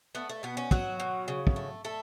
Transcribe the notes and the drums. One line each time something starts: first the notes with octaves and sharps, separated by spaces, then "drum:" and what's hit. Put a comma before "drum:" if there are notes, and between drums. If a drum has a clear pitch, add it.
A3 B3
A3
B2 B3
C#4
F#3 F#4, drum: kick
B2
C#3
drum: kick
A3
A3 A4